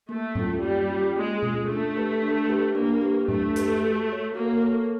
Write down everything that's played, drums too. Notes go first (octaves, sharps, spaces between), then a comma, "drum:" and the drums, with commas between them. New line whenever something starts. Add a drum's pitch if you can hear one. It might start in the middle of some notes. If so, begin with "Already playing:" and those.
A3 A#3
C#4 F4, drum: tom A2
G3 A#3
C#4 F4
G#3 A#3
C#4 F4, drum: tom B2
A3 D4
G4 B4
D4
G4 B4
A#3 D4
G4 B4
A3 D4, drum: tom A2
G4 B4, drum: hi-hat
F#4
A4 C#5
A#3 F#4
A4 C#5